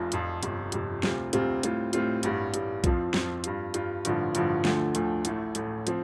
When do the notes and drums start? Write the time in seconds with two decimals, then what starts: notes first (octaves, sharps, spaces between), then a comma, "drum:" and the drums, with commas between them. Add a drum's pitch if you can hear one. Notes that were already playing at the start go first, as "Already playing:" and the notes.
Already playing: F1 F2 F3
0.12 F1 F2 F3, drum: hi-hat
0.43 G1 F2 C3, drum: hi-hat
0.72 G1 F2 C3, drum: hi-hat
1.03 D2 C3 G3 C4 F4, drum: snare
1.33 D2 C3 G3 C4 F4, drum: hi-hat
1.63 A2 G3 C4 F4, drum: hi-hat
1.93 A2 G3 C4 F4, drum: hi-hat
2.23 A1 G2 G3, drum: hi-hat
2.54 A1 G2 G3, drum: hi-hat
2.84 F2 F3 C4 F4, drum: kick B1, hi-hat
3.14 F2 F3 C4 F4, drum: snare
3.44 G2 G3 F4, drum: hi-hat
3.74 G2 G3 F4, drum: hi-hat
4.05 A1 G2 D3 F3, drum: hi-hat
4.35 A1 G2 D3 F3, drum: hi-hat
4.65 D2 D3 F3 A3, drum: snare
4.95 D2 D3 F3 A3, drum: hi-hat
5.25 A1 A2 A3, drum: hi-hat
5.55 A1 A2 A3, drum: hi-hat
5.87 F3 C4, drum: hi-hat